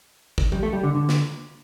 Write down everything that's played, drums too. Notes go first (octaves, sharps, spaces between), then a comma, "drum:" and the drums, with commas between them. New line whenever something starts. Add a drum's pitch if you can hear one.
drum: kick G1
G3, drum: tom E3
A3
G3
D3
D3
drum: snare